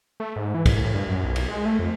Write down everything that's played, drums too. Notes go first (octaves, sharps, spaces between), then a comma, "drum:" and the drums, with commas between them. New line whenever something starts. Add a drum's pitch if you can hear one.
A3
G#2
E3
G#2, drum: kick, cymbal
A2
G2
F#2
B1
drum: cymbal
G#3
A3
F2